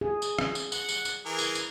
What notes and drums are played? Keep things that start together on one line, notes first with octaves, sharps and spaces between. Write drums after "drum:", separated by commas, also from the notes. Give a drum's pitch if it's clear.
G#4
drum: tambourine
drum: rim click
drum: tambourine
F#5, drum: tambourine
drum: tambourine
drum: tambourine
E3 G#4 A#4
drum: tambourine
drum: tambourine